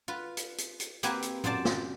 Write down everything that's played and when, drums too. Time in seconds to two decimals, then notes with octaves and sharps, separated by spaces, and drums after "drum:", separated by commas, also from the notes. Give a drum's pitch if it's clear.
0.08 F4 B4
0.37 drum: hi-hat
0.58 drum: hi-hat
0.80 drum: hi-hat
1.03 A#3 C4 G4 A#4 B4 G#5, drum: hi-hat
1.22 drum: hi-hat
1.44 F#2 F4 C5 D5 A5, drum: tom A2
1.65 drum: snare